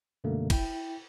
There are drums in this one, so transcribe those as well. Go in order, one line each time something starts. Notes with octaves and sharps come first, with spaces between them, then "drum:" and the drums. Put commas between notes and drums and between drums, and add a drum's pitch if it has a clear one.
F#2 B2 D3 G3 A3 A#3
E4 G5, drum: kick, cymbal